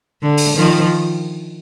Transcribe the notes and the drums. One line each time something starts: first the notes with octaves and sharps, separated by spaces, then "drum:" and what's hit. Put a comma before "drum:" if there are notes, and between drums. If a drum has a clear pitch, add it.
D3
drum: open hi-hat
D#3 F3